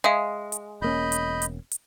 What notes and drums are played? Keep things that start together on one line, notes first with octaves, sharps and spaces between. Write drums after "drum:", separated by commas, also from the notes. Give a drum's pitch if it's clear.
G#3 E5 F5 D#6
drum: hi-hat
E1 A#3 C#4 D#5 B5 G6
drum: hi-hat
drum: hi-hat
drum: hi-hat